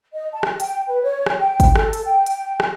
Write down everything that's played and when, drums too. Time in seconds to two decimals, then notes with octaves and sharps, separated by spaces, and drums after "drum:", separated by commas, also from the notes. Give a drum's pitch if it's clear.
0.13 D#5
0.33 A5
0.43 drum: rim click
0.60 G5, drum: hi-hat
0.88 B4
1.02 C#5
1.26 drum: rim click
1.40 G5
1.60 drum: kick, hi-hat
1.75 A4, drum: rim click
1.93 drum: hi-hat
2.05 G5
2.26 drum: hi-hat
2.60 drum: rim click